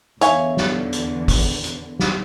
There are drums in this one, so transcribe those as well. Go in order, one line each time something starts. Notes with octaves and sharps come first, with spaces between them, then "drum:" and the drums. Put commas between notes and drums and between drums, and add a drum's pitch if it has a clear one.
E2 D3 C#5 E5 F5 G#5, drum: hi-hat
drum: snare
drum: hi-hat
drum: kick, open hi-hat
drum: hi-hat
drum: snare